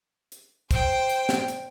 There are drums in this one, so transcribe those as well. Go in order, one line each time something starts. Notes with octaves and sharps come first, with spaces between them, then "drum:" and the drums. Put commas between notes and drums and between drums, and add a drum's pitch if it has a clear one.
drum: hi-hat
C5 G5, drum: kick, hi-hat
drum: hi-hat
drum: snare
drum: hi-hat